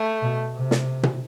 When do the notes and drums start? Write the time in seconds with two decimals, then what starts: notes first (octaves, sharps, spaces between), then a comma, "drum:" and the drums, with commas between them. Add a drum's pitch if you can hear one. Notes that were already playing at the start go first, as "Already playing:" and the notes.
Already playing: A3
0.22 B2
0.55 C3
0.71 drum: snare
1.03 drum: tom B2